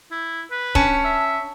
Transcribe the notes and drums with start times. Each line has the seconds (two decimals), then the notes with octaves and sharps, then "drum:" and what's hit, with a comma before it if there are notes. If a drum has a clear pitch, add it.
0.11 E4
0.51 B4
0.75 C#4 A5, drum: kick C#1
1.04 E5